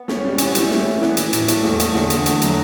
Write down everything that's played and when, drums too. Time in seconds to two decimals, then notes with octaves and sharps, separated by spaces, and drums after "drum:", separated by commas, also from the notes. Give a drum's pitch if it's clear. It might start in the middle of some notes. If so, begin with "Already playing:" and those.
Already playing: B3
0.08 C#4, drum: snare
0.25 G3
0.38 E3 C#4, drum: hi-hat
0.47 B3
0.55 G3 A3, drum: hi-hat
0.71 C#4, drum: snare
0.86 E3
1.02 E3 B3, drum: snare
1.17 E3, drum: hi-hat
1.33 A2, drum: hi-hat
1.48 G3 A3, drum: hi-hat
1.64 E2, drum: snare
1.80 A3, drum: hi-hat
1.94 E2 D3, drum: snare
2.10 E2, drum: hi-hat
2.26 A3, drum: hi-hat
2.42 F#3, drum: hi-hat